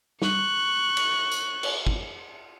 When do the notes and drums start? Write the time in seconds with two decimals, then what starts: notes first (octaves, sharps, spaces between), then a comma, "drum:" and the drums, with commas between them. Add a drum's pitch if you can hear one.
0.22 C#6 F#6, drum: snare
0.97 drum: cymbal
1.32 drum: tambourine
1.63 drum: cymbal
1.87 drum: kick